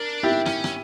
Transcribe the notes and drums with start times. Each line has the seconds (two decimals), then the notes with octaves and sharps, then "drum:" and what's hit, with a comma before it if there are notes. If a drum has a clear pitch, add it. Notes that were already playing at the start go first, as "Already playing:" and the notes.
Already playing: D4 A#4
0.23 E4 G4
0.46 C#4, drum: rim click
0.64 drum: rim click